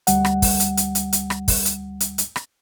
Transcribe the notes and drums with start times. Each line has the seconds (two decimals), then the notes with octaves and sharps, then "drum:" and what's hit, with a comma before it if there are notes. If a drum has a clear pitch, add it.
0.07 D2 G3 F#5, drum: hi-hat
0.25 drum: rim click
0.42 drum: kick, open hi-hat
0.60 drum: hi-hat
0.77 drum: hi-hat
0.95 drum: hi-hat
1.13 drum: hi-hat
1.30 drum: rim click
1.48 drum: kick, open hi-hat
1.65 drum: hi-hat
2.00 drum: hi-hat
2.18 drum: hi-hat
2.36 drum: rim click